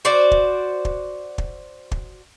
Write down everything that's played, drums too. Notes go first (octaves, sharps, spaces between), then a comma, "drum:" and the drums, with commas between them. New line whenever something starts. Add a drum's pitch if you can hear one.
F#4 C5 D5
drum: kick
drum: kick
drum: kick
drum: kick